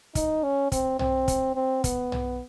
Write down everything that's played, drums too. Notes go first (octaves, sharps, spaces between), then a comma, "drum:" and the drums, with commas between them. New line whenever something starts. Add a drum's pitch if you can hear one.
D#4, drum: kick, hi-hat
C#4
C4, drum: kick, hi-hat
C4, drum: tom B1
drum: kick, hi-hat
C4
B3, drum: kick, hi-hat
drum: tom B1